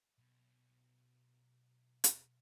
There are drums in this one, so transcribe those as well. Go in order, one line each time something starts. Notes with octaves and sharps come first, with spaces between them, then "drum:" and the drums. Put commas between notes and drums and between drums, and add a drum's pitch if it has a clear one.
B1 B2
drum: hi-hat